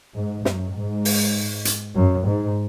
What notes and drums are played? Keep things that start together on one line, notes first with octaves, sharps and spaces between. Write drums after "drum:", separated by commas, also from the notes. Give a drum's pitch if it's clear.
G#2
F#2, drum: snare
G#2
drum: open hi-hat
drum: hi-hat
F#2
G#2